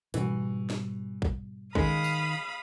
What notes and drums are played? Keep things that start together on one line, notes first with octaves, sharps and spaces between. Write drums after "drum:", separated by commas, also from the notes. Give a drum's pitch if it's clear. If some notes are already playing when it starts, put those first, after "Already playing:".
G#2 B2 E3 G3 F#4, drum: hi-hat
drum: snare
drum: kick
D#3 G#3 F5 B5 D#6, drum: kick
drum: tambourine